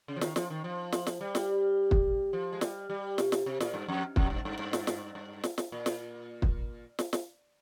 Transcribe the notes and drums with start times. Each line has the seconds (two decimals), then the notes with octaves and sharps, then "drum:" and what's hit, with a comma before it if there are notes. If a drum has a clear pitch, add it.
0.08 C#3
0.16 F3
0.21 D#3, drum: snare
0.36 F3, drum: snare
0.50 D#3
0.64 F3
0.92 drum: snare
1.07 drum: snare
1.21 G3
1.35 drum: snare
1.91 drum: kick
2.33 F3
2.53 G#3
2.61 G3, drum: snare
2.90 G3
3.18 C3, drum: snare
3.32 drum: snare
3.46 C3
3.60 A#2, drum: snare
3.74 G2
3.88 F2
4.16 F2, drum: kick
4.30 G2
4.45 G2
4.59 G2
4.73 drum: snare
4.87 drum: snare
5.15 G2
5.44 drum: snare
5.58 drum: snare
5.72 A#2
5.86 drum: snare
6.42 drum: kick
6.99 drum: snare
7.13 drum: snare